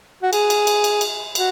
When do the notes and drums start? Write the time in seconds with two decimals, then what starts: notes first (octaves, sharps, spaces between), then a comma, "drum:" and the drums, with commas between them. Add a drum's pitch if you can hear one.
0.23 F#4
0.33 G#4, drum: cymbal
0.50 drum: cymbal
0.67 drum: cymbal
0.84 drum: cymbal
1.01 drum: cymbal
1.35 F#4, drum: cymbal